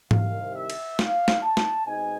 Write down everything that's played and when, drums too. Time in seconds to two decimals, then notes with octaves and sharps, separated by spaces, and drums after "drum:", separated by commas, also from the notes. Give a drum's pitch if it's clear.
0.11 C2 C3 D#3 F5, drum: tom G#2
0.55 E5
0.70 drum: cymbal
0.99 F5, drum: snare
1.28 drum: snare
1.42 A5
1.57 drum: snare
1.86 B2 G#3 C4 D#4 G#5